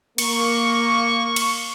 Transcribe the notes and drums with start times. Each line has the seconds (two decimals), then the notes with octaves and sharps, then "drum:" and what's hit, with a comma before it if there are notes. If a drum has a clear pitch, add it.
0.18 A#3 C#6, drum: cymbal
1.36 drum: cymbal